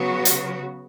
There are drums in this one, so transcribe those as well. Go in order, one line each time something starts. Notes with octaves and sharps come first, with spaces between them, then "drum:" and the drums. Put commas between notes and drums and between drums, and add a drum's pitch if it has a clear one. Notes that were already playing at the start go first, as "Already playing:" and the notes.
Already playing: C#3 F#3 B3 F#4
drum: hi-hat